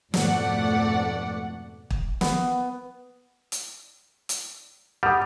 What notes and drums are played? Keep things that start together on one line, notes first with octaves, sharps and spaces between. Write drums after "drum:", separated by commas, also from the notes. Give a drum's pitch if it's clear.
F2 G#2 B2 A3 D5 F#5, drum: snare
drum: kick
B3, drum: snare
drum: hi-hat
drum: hi-hat
G3 F#5 D#6